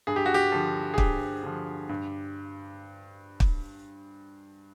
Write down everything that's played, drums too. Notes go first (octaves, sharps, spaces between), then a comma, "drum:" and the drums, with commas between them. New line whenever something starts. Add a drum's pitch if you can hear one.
G2 G#4
G4
F#4
G4
D3 F3
G#4
G2 G4, drum: kick
D3 F3
G2
drum: kick